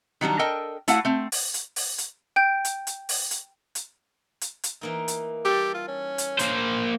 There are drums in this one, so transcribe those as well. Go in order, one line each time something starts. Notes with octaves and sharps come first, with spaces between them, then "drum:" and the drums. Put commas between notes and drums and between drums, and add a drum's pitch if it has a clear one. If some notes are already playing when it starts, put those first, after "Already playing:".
D#3 F#3 G3 D4
A4 A#4 D#5 G5
A3 E4 F#4 F5 F#5, drum: hi-hat
A3 C4
drum: open hi-hat
drum: hi-hat
drum: open hi-hat
drum: hi-hat
G5 G6 D7
drum: hi-hat
drum: hi-hat
drum: open hi-hat
drum: hi-hat
drum: hi-hat
drum: hi-hat
drum: hi-hat
E3 A#3 D#4
drum: hi-hat
G3 G4 A4
F4
C#4
drum: hi-hat
A#3 C5, drum: hi-hat